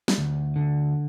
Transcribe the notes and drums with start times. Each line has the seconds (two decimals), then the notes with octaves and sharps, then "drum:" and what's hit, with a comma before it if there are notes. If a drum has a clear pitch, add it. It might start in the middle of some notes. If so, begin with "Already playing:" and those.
0.08 drum: snare
0.18 D2
0.56 D3